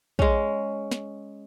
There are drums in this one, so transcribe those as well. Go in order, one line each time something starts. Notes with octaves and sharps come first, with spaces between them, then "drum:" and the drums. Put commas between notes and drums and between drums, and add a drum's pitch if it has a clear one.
G#3 C#4, drum: kick
drum: snare